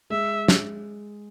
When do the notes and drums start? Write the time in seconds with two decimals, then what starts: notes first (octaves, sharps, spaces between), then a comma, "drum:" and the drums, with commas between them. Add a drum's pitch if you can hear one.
0.10 G#3 E5
0.48 drum: snare